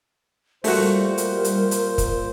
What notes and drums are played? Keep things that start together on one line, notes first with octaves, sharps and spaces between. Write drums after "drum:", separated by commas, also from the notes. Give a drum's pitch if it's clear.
A#2 G3 A3 F#4 A#4 C5, drum: open hi-hat
drum: hi-hat
drum: hi-hat
drum: hi-hat
drum: kick, hi-hat